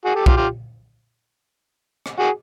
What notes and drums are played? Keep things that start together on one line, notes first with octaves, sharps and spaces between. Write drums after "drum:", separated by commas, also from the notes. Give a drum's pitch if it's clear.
F#4 G#4
G4 A4
F4 G4, drum: kick B1
F4 G4
drum: rim click
F#4 G#4